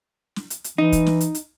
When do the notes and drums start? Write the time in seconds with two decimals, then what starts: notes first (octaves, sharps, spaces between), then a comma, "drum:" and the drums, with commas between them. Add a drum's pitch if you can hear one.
0.36 drum: snare
0.50 drum: hi-hat
0.64 drum: hi-hat
0.78 E3 D#4
0.92 drum: kick, hi-hat
1.06 drum: snare
1.21 drum: hi-hat
1.35 drum: hi-hat